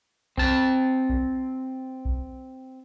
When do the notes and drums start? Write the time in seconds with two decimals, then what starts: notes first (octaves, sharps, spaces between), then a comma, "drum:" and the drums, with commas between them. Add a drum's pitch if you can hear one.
0.37 C4 A5, drum: kick B1
1.09 drum: kick B1
2.05 drum: kick B1